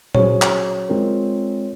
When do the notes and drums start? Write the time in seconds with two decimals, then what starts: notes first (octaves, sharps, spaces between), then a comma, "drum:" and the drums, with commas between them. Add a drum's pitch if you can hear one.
0.15 F#3 C#4 G#4 C5 C#5, drum: tom A#2
0.42 drum: clap
0.89 G#3 C4 F4 A#4